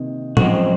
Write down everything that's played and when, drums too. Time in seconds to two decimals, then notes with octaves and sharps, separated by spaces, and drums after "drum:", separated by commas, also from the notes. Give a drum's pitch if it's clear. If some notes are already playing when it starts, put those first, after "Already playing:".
Already playing: C3 D#3 A#3
0.37 F#2 F3 G#3 C4 F#4, drum: tom A2